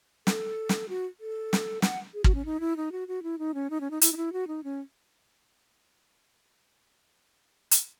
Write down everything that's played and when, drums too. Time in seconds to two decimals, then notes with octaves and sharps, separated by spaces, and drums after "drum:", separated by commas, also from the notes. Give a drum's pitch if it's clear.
0.27 A4, drum: snare
0.69 drum: snare
0.89 F#4
1.20 A4
1.53 drum: snare
1.82 F#5, drum: snare
2.14 G#4
2.24 F#4, drum: kick
2.35 C#4
2.45 D#4
2.60 E4
2.77 D#4
2.92 F#4
3.08 F#4
3.23 E4
3.39 D#4
3.54 C#4
3.70 D#4
3.81 C#4
3.91 D#4
4.01 E4, drum: hi-hat
4.13 D#4
4.17 E4
4.33 F#4
4.48 D#4
4.64 C#4
7.71 drum: hi-hat